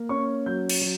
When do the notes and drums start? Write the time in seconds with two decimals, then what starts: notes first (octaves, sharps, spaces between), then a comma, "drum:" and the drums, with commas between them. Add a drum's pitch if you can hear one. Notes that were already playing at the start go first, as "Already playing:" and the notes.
Already playing: A#3
0.09 C#4 C#6
0.46 F#3 G6
0.69 drum: cymbal
0.81 F#3